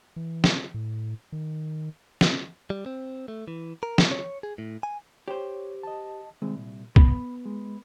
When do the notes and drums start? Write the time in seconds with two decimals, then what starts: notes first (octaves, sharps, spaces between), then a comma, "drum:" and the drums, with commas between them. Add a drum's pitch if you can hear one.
0.16 E3
0.44 drum: snare
0.74 A2
1.32 D#3
2.21 drum: snare
2.70 G3
2.86 C4
3.28 A3
3.48 E3
3.83 A#4
3.98 drum: snare
4.11 C#5
4.43 G#4
4.58 A2
4.83 G#5
5.28 G4 C5 C#5
5.83 D#5 A5
6.42 C2 D#3 G#3 C4
6.57 A#2
6.96 B3 B5, drum: kick C2
7.45 G#3